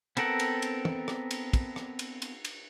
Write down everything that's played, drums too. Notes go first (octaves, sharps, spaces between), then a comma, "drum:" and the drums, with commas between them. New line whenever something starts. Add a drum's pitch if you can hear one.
B3 C4 A4 A#4 F#5, drum: cymbal
drum: cymbal
drum: cymbal
drum: tom
drum: rim click
drum: cymbal
drum: kick, cymbal
drum: rim click
drum: cymbal
drum: cymbal
drum: cymbal